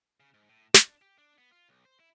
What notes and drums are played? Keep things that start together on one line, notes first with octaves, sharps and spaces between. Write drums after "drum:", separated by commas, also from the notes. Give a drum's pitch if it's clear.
C#3
G#2
A2
D4, drum: snare
G4
D4
B3
F4
B1
C5
E4